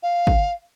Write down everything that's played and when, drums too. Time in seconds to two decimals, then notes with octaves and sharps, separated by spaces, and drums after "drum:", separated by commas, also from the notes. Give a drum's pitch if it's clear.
0.03 F5
0.27 drum: kick G#1